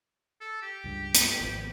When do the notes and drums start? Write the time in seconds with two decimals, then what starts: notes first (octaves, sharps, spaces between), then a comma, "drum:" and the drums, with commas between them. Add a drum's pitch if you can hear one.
0.41 A4
0.62 G4
0.84 C#2 G2
1.15 drum: hi-hat
1.41 G#1 F2